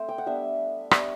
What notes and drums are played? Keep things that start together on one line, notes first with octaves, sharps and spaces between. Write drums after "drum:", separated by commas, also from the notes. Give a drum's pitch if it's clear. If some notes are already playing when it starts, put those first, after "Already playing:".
Already playing: A3 C4 C5 D5
G5
F#5
G3 B3 D4 E5
G3 B3 D4, drum: rim click